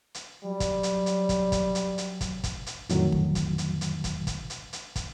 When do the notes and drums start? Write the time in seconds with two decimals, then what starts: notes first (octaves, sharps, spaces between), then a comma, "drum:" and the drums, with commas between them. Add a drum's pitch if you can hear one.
0.14 drum: hi-hat
0.44 F#3 G3
0.60 drum: kick, hi-hat
0.83 drum: hi-hat
1.06 drum: hi-hat
1.29 drum: kick, hi-hat
1.52 drum: kick, hi-hat
1.75 drum: hi-hat
1.98 drum: hi-hat
2.21 drum: kick, hi-hat
2.44 drum: kick, hi-hat
2.66 drum: hi-hat
2.89 F2 A2 D3 D#3 F#3, drum: hi-hat
3.12 drum: kick
3.35 drum: kick, hi-hat
3.58 drum: hi-hat
3.81 drum: hi-hat
4.04 drum: kick, hi-hat
4.27 drum: kick, hi-hat
4.50 drum: hi-hat
4.73 drum: hi-hat
4.96 drum: kick, hi-hat